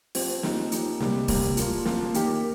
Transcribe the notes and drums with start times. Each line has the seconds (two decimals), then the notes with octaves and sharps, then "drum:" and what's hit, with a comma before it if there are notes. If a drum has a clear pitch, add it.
0.15 F3 C4 G4, drum: open hi-hat
0.43 F3 A#3 D#4 G4, drum: snare
0.72 F3 A#3 D#4 G4, drum: hi-hat
1.00 C3 G3 A#3, drum: snare
1.28 C3 G3 A#3, drum: kick, open hi-hat
1.57 F3 A#3 F4, drum: hi-hat
1.85 F3 A#3 F4, drum: snare
2.14 D#3 A#3 G4, drum: hi-hat